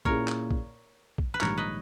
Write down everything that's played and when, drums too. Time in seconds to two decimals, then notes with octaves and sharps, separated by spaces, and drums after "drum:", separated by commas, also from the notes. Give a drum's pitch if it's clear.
0.05 A#2 A#3 C#4 E4 G#4 A#4 C#5, drum: kick A#1
0.28 drum: clap
0.51 drum: kick A#1
1.18 drum: kick A#1
1.34 B4
1.41 A#1 G#2 D#3 G3 A#4 C#5, drum: clap
1.58 B4 D#5